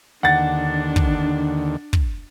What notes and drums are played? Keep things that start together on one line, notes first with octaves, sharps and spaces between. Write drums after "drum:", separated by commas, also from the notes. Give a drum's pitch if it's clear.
D#2 D3 D4 F#5 A6
drum: kick
drum: kick